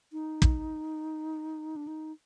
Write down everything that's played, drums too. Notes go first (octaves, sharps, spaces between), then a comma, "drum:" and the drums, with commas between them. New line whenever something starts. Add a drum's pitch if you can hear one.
D#4
drum: kick
D4
D#4